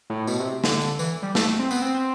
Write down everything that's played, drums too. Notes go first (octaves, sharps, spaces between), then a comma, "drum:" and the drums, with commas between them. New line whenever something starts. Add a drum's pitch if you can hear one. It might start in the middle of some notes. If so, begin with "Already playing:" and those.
A2
B2, drum: tambourine
C3
D3, drum: snare
drum: tambourine
E3, drum: tambourine
G3
A3, drum: snare
C4
B3, drum: tambourine
C4
C4